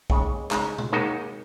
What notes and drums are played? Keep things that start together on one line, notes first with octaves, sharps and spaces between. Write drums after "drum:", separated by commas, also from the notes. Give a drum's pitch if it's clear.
D#2 C#3 G#3, drum: kick B1
C#3 G#3 D#4, drum: clap
drum: tom B2
D#2 D#3 G#3 D#4 F#4